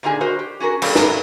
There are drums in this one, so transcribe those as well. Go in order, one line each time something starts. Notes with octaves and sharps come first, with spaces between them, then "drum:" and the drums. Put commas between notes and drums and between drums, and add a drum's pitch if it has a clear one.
A#2 D3 D#4 F#4 G#4
F#4 A#4 C5 D#5
G4
C#4 F#4 G#4 A#4
B2 G3 A#3 C#4, drum: cymbal
F3 F#3 A3 A#4 B4, drum: snare